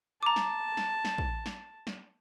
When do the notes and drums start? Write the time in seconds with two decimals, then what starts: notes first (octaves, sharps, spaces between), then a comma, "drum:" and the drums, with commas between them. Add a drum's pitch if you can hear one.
0.23 A5 A#5 D6
0.36 drum: snare
0.77 drum: snare
1.05 drum: snare
1.18 drum: kick
1.46 drum: snare
1.87 drum: snare